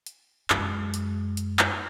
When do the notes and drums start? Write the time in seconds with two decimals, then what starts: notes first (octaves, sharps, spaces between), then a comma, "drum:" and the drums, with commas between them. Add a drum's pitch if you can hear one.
0.06 drum: hi-hat
0.50 F#2 G#3, drum: clap
0.94 drum: hi-hat
1.37 drum: hi-hat
1.59 drum: clap